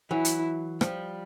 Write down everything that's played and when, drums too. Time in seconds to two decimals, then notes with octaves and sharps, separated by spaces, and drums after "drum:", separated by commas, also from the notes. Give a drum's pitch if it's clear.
0.10 E3 F#3 E4
0.25 drum: hi-hat
0.81 F3 G3, drum: rim click